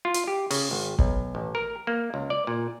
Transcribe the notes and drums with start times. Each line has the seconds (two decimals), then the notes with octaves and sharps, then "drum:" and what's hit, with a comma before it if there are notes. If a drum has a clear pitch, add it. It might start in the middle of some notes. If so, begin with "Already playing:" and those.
0.05 F4
0.14 drum: hi-hat
0.28 G4
0.51 C#3, drum: open hi-hat
0.71 G#1
0.99 B1, drum: kick
1.35 A1
1.55 A#4
1.87 A#3
2.14 C#2
2.30 D5
2.47 A#2